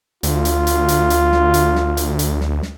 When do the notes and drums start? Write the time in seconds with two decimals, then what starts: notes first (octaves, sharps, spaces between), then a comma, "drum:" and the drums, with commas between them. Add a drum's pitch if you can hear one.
0.23 D2 F4, drum: hi-hat
0.45 drum: hi-hat
0.67 drum: hi-hat
0.88 drum: hi-hat
1.10 drum: hi-hat
1.32 drum: snare
1.54 drum: hi-hat
1.75 drum: snare
1.97 drum: hi-hat
2.19 drum: hi-hat
2.41 drum: snare
2.62 drum: snare